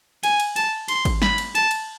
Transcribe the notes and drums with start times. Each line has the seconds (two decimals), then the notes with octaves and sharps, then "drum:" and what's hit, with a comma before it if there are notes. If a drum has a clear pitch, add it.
0.23 G#5, drum: cymbal
0.40 drum: cymbal
0.56 A5, drum: cymbal
0.88 C6, drum: cymbal
1.05 drum: kick G#1, cymbal
1.22 B5, drum: snare
1.38 drum: cymbal
1.55 A5, drum: cymbal
1.71 drum: cymbal